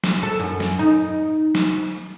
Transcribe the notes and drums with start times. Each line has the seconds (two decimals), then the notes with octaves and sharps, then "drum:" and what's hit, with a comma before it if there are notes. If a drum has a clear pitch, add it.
0.04 drum: snare
0.23 A4
0.40 F#2
0.60 drum: snare
0.79 D#4
1.55 drum: snare